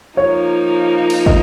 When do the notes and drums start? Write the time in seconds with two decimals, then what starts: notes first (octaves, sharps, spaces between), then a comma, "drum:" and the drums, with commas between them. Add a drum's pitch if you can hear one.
0.17 F3 A#3 D#4 C#5
1.10 drum: cymbal
1.26 D#5, drum: kick